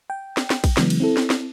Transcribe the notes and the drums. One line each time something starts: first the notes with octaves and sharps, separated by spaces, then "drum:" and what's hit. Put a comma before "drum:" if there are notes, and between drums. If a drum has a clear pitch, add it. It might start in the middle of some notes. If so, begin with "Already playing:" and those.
G5
drum: snare
drum: snare
drum: kick, cymbal
C#3 E3 F#3 G#3 B3, drum: snare
drum: cymbal
C4 E4 A4
drum: snare
drum: snare